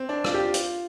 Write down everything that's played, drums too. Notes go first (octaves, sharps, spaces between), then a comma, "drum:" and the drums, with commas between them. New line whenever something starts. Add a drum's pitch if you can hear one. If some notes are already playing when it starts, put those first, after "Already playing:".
Already playing: C4
D4
F4, drum: rim click
G4
F4
drum: hi-hat